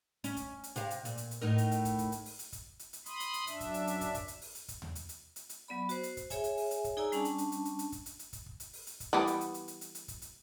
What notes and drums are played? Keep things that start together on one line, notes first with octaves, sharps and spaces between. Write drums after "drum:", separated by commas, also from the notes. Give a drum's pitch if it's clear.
C#4, drum: hi-hat
drum: kick, hi-hat
drum: hi-hat
C3 F5, drum: hi-hat
drum: hi-hat
A#2, drum: hi-hat
drum: hi-hat
drum: hi-hat
A2 D#4 A#4
drum: hi-hat
drum: hi-hat
drum: kick, hi-hat
drum: kick, hi-hat
drum: hi-hat
drum: open hi-hat
drum: hi-hat
drum: kick, hi-hat
drum: hi-hat
drum: hi-hat
B5 C6 D#6, drum: hi-hat
drum: hi-hat
drum: hi-hat
F#2 D4 E5, drum: hi-hat
drum: kick, hi-hat
drum: hi-hat
drum: hi-hat
drum: kick, hi-hat
drum: kick, hi-hat
drum: hi-hat
drum: open hi-hat
drum: hi-hat
drum: kick, hi-hat
drum: tom D#2
drum: hi-hat
drum: hi-hat
drum: hi-hat
drum: hi-hat
F#3 B3 D5 B5
F#4 C5, drum: hi-hat
drum: hi-hat
drum: kick, hi-hat
G#4 C#5 E5 G#5, drum: kick, hi-hat
drum: hi-hat
drum: open hi-hat
drum: hi-hat
drum: kick, hi-hat
D#4 G#4 D5 G#5 A#5 E6
G3 C#4 D4 A5, drum: hi-hat
drum: hi-hat
drum: hi-hat
drum: hi-hat
drum: hi-hat
drum: hi-hat
drum: kick, hi-hat
drum: hi-hat
drum: hi-hat
drum: kick, hi-hat
drum: kick
drum: hi-hat
drum: open hi-hat
drum: hi-hat
drum: kick, hi-hat
E3 G3 B3
drum: hi-hat
drum: hi-hat
drum: hi-hat
drum: hi-hat
drum: hi-hat
drum: hi-hat
drum: kick, hi-hat
drum: hi-hat